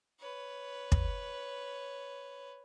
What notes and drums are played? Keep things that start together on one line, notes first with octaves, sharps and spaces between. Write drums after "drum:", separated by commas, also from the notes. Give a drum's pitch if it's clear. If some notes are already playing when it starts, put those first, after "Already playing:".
B4 C#5
drum: kick